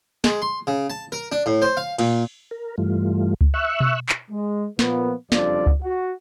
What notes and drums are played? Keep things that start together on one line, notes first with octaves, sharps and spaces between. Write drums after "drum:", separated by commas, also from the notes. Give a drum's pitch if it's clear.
G#3, drum: snare
C6
C#3
A5
A#4
D4
A2
C5
F5
A#2, drum: cymbal
A#4
G2 E3 G3 A3 F4
drum: kick C#2
E5 C#6 E6 F#6
drum: tom B2
drum: clap
G#3
A#2 F3 A#3 B3, drum: snare
F#1 F2 G3 D4 F4 D5, drum: snare
drum: kick C#2
F#4